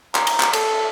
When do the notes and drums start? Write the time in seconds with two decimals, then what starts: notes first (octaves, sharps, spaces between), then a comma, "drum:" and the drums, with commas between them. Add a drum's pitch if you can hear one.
0.15 A#5, drum: clap
0.27 drum: cymbal
0.40 drum: clap
0.53 A4, drum: cymbal